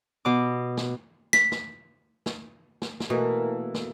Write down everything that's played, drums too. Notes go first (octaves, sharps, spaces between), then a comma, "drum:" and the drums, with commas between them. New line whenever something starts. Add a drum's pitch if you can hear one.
B2 D6
drum: snare
B6, drum: snare
drum: snare
drum: snare
drum: snare
drum: snare
B2 E3 A3 A#3 A4 A#4
drum: snare